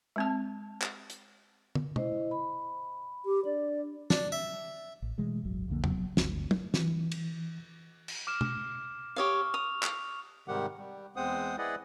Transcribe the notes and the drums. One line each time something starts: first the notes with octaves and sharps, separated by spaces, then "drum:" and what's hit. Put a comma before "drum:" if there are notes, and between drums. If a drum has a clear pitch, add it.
G#3 C4 A5
drum: clap
drum: hi-hat
drum: tom
E4 C5 D#5, drum: tom
B5
G4
D4 D5
D4, drum: snare
E5
A1
B2 E3 G#3 A3
D1 G1 F#3
B1 F2 D3 A#3
D#1 A#1 F#3 B3, drum: tom E2
G1 D2, drum: snare
drum: tom
E3, drum: snare
drum: cymbal
drum: cymbal
D6 F6 E7
drum: tom
G4 C#5 F5 C#6 D#6 F6
D#6 F7
drum: clap
G#2 C3 D#3 G3 G4 F#5
G3
E2 G#3 C4 C5 F#5 D#6
E4 G#4 B4 D5 D#5 F#5